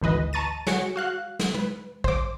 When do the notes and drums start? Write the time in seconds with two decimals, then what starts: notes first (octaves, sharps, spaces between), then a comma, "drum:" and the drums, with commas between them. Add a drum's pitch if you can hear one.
0.02 G#1 D2 E3 B4 D#5
0.33 A5 A#5 C#6 A6 D#7
0.67 F#4 G#4 C#5 C#7, drum: snare
0.96 F#4 F5 F#6
1.39 drum: snare
1.54 B4, drum: tom
2.04 C5 D6, drum: kick